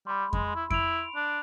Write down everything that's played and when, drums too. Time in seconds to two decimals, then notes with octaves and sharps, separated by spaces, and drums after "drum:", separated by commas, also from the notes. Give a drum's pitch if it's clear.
0.07 G3 B5 C6
0.33 G#3, drum: kick F2
0.55 E4
0.71 E4 D7 F7, drum: kick F2
1.16 D4